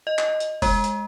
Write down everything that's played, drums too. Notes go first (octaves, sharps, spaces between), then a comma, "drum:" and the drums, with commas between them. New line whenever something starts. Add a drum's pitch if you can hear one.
D#5
drum: clap
drum: hi-hat
G#3, drum: kick, open hi-hat
drum: hi-hat